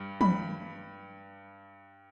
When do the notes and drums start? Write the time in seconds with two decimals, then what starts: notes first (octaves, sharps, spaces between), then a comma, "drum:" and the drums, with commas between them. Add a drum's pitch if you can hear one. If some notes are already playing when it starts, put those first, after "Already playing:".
Already playing: G2 G3
0.21 B5, drum: tom